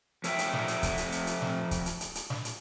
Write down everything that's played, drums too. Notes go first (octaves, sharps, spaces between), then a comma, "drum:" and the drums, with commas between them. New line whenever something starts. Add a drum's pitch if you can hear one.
F3 A4 D#5 E5 G5, drum: hi-hat
drum: hi-hat
drum: snare
drum: hi-hat
drum: kick C#1, hi-hat
drum: hi-hat
drum: hi-hat
drum: hi-hat
drum: snare
drum: kick C#1, hi-hat
drum: hi-hat
drum: hi-hat
drum: hi-hat
drum: snare
drum: hi-hat